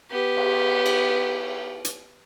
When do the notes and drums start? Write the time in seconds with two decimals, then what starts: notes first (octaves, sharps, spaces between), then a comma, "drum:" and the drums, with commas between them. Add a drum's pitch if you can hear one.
0.11 B3 G4
0.37 drum: cymbal
0.86 drum: cymbal
1.85 drum: hi-hat